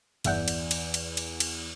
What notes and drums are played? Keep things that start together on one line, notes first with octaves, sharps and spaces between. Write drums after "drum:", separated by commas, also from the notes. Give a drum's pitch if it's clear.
G1 E2 D5 E5 F#5 G6, drum: cymbal
drum: cymbal
drum: cymbal
drum: cymbal
drum: cymbal
drum: cymbal